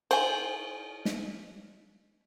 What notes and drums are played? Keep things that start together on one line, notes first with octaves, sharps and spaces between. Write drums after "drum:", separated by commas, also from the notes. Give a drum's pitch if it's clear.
C5 G#5, drum: cymbal
drum: snare